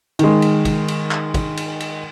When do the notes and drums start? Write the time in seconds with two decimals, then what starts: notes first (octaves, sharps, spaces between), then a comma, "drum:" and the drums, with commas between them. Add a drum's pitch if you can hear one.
0.19 D#3 G#3, drum: cymbal
0.42 drum: cymbal
0.65 drum: kick, cymbal
0.88 drum: cymbal
1.11 drum: clap
1.34 drum: kick, cymbal
1.57 drum: cymbal
1.80 drum: cymbal